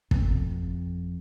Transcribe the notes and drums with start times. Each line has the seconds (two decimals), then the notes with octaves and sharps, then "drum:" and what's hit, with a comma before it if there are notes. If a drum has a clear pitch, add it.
0.11 F2, drum: kick